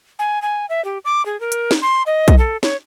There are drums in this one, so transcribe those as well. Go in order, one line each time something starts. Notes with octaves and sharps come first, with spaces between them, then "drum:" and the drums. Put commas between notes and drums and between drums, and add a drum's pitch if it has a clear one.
G#5
G#5
E5
G4
D6
G#4
A#4
drum: hi-hat
drum: snare
C6
D#5
drum: kick B1, hi-hat
A4
C#5, drum: snare